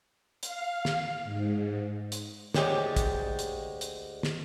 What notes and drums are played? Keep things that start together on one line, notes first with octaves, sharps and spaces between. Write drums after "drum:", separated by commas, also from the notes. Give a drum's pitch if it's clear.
F5, drum: hi-hat
drum: snare
G#2
drum: hi-hat
D2 G#2 G#3 G4 C#5 D5, drum: snare
drum: kick, hi-hat
drum: hi-hat
drum: hi-hat
drum: snare